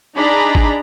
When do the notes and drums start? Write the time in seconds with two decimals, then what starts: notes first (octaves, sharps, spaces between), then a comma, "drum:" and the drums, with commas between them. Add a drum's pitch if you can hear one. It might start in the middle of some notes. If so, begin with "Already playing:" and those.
0.16 D4 D#4 G#4 D5 A#5 B5
0.55 drum: kick G#1